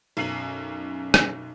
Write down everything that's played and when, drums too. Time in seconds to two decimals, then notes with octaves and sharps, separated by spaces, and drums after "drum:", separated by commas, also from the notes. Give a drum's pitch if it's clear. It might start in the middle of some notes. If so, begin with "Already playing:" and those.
0.17 B1 F#2 C#4 C7 D#7 F#7
1.14 drum: rim click